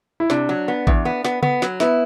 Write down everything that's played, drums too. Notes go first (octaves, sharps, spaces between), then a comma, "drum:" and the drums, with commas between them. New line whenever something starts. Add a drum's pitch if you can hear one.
E4
C3 D4, drum: snare
F#3
B3
E2, drum: kick A1
B3
B3, drum: snare
B3, drum: tom C#3
F#3, drum: snare
B3 E4, drum: snare